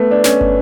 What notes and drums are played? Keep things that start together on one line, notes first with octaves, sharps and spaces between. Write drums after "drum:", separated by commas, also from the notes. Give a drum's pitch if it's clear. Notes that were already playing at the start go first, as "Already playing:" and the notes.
Already playing: A3 B3
D4
C#4, drum: snare
drum: kick